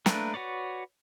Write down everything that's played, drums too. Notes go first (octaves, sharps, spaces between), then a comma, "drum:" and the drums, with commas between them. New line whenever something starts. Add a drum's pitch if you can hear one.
A3 A#3 D4 A#4 B4, drum: snare
F#4 B4 C#5 D5